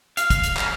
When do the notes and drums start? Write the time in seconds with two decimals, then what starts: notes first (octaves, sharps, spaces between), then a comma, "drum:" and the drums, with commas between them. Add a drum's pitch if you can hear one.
0.17 F5, drum: hi-hat
0.30 drum: kick, hi-hat
0.44 drum: hi-hat
0.57 drum: clap